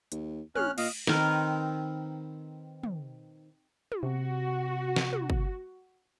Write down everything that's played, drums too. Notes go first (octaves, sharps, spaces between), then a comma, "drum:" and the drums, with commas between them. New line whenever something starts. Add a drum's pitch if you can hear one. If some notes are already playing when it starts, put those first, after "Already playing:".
D#2, drum: hi-hat
A#1 C#4 F6 F#6, drum: tom
A#2 D#5 F5, drum: cymbal
D#3 C4 A#4 B4, drum: snare
drum: tom
drum: tom
C3 F#4
drum: snare
drum: tom
drum: kick G1